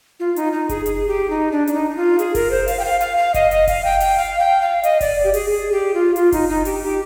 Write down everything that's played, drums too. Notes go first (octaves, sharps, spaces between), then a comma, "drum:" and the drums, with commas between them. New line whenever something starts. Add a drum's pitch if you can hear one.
F4
D#4, drum: hi-hat
D#4
G#4, drum: kick F#1, hi-hat
G#4, drum: hi-hat
G4
D#4
D4
D4, drum: hi-hat
D#4
D#4
F4
G#4, drum: hi-hat
A#4, drum: kick F#1, open hi-hat
C5
F5, drum: open hi-hat
G5
F5
F5, drum: hi-hat
F5
D#5, drum: kick F#1, hi-hat
D#5, drum: hi-hat
F5, drum: kick F#1, open hi-hat
G5
G5, drum: open hi-hat
F5
G5
F5
D#5, drum: hi-hat
D5, drum: kick F#1, open hi-hat
G4
G#4, drum: open hi-hat
G#4
G4
F4
F4, drum: hi-hat
D#4, drum: kick F#1, open hi-hat
D#4
G4, drum: open hi-hat
G4